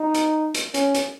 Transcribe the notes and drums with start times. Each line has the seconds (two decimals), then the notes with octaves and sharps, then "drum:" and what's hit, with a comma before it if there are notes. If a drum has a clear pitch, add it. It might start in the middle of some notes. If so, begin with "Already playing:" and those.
Already playing: D#4
0.14 drum: hi-hat
0.55 drum: hi-hat
0.74 C#4, drum: hi-hat
0.95 drum: hi-hat